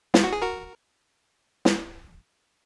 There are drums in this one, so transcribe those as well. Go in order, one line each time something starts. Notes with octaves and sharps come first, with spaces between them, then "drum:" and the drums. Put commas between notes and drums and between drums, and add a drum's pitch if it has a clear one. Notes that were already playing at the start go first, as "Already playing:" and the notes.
F4, drum: snare
F#4
G#4
F#4 A#4
drum: snare